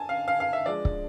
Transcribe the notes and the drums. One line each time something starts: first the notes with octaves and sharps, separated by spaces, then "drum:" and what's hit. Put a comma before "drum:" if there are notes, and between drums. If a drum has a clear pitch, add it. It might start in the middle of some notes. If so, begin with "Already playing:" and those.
Already playing: D3 G#5 A5
F5
F5
F5
E5
F3 G#3 D4 D5
drum: kick C#1